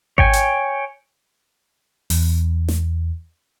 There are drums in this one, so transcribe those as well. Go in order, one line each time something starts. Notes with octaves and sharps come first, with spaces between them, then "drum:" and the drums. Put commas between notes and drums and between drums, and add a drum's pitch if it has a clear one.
C#5 G5 G#5, drum: kick G#1
drum: hi-hat
E2, drum: open hi-hat
drum: snare